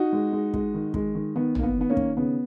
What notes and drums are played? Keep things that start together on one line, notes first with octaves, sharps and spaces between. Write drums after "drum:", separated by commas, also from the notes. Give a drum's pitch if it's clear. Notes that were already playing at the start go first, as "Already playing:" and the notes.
Already playing: D#4 F#4
G#3
G#3
G#3, drum: kick
D#3
G#3, drum: kick
D#3
D#3 B3
D#3 A#3, drum: tom
B3
D#3 B3
A#3 C#4
D#3, drum: kick
C#3 B3